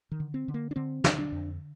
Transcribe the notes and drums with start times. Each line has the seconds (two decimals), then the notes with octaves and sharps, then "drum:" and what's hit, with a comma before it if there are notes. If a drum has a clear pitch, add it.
0.11 D#3
0.20 D3
0.34 C4
0.48 D3
0.54 A#3
0.71 D4
0.76 D3 C4
1.04 D3, drum: snare
1.18 D4
1.32 F2